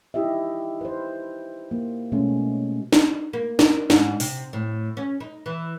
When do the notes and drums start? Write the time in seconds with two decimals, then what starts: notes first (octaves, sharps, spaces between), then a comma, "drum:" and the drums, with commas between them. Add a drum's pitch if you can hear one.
0.14 D#4 E4 G4 D#5 E5
0.81 B4 C5
1.71 A#3
2.12 B2 G#3 A3 C#4
2.93 drum: snare
3.33 A#3
3.59 A#4, drum: snare
3.90 G#2, drum: snare
4.20 C3, drum: open hi-hat
4.53 A2
4.97 C#4
5.20 D#4
5.46 E3